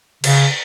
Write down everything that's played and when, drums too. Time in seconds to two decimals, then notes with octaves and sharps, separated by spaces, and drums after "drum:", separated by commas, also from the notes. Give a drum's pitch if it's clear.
0.24 C#3, drum: cymbal